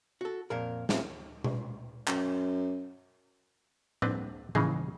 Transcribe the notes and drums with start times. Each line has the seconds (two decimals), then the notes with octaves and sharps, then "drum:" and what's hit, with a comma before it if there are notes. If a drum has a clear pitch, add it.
0.21 F#4 A4
0.50 F2 A#2 A#4
0.89 A2 C#3 F3 C4, drum: snare
1.44 drum: tom B2
2.07 F#2, drum: clap
4.02 C4 D4 B4, drum: tom A2
4.55 C#3 E3 D#4 G#4, drum: tom A2